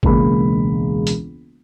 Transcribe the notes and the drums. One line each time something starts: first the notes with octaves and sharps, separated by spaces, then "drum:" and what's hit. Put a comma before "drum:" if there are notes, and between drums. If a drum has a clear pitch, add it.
E1 C#2 G#3 A#3 B5, drum: kick G#1
drum: hi-hat